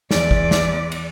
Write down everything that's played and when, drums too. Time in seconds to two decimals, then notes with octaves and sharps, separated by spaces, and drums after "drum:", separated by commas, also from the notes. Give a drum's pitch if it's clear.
0.11 E2 D5, drum: snare
0.31 drum: kick
0.51 drum: snare
0.92 drum: cymbal